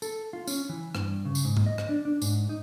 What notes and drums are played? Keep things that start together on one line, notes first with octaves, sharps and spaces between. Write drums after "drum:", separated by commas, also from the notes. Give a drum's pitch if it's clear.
A4, drum: tambourine
F4
C#4, drum: tambourine
E3
G2, drum: rim click
C#3
drum: tambourine
G#2
drum: tom G#2
D#5
drum: rim click
D4
D4
G#2, drum: tambourine
D#4